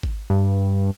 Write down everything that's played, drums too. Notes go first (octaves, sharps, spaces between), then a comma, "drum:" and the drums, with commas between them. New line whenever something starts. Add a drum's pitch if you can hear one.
drum: kick G#1
G2